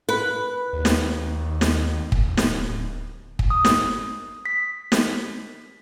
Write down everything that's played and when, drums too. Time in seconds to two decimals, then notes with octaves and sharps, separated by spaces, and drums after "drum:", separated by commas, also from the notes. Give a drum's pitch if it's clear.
0.09 B4
0.73 D#2
0.85 drum: snare
1.61 drum: snare
2.12 drum: kick
2.25 D1
2.37 drum: snare
3.39 drum: kick
3.50 D#6
3.65 drum: snare
4.46 B6
4.92 drum: snare